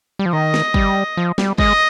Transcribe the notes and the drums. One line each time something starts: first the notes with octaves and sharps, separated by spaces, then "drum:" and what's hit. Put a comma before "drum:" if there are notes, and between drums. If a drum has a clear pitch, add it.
G3
F3
D#3 D#5
drum: snare
G3, drum: kick
F3
G3, drum: snare
G#3 D#5, drum: kick